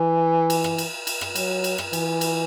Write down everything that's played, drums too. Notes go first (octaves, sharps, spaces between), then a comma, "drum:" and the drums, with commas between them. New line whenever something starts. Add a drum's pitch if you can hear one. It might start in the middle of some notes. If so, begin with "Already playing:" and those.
Already playing: E3
drum: cymbal
drum: rim click
drum: cymbal
drum: cymbal
drum: rim click
F#3, drum: cymbal
drum: cymbal
drum: rim click
E3, drum: cymbal
drum: cymbal